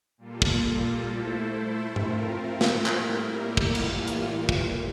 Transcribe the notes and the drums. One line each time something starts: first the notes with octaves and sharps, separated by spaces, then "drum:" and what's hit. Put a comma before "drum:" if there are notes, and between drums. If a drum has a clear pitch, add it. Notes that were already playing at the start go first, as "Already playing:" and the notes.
A#2 G3 A#3 F4 A4
drum: kick
A3 E4 A4 C5
A3 C4 F4 A#4, drum: tom G#2
drum: snare
A2 G3 A#3 E4 A#4, drum: clap
drum: kick
A2 E3 G3 A#3 F4, drum: cymbal
drum: hi-hat
drum: kick